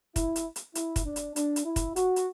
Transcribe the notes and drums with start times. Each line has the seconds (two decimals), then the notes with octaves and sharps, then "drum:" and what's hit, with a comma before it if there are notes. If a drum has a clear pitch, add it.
0.16 E4, drum: kick, hi-hat
0.36 drum: hi-hat
0.56 drum: hi-hat
0.75 E4, drum: hi-hat
0.96 drum: kick, hi-hat
1.06 D4
1.16 drum: hi-hat
1.36 D4, drum: hi-hat
1.56 drum: hi-hat
1.66 E4
1.76 drum: kick, hi-hat
1.96 F#4, drum: hi-hat
2.16 drum: hi-hat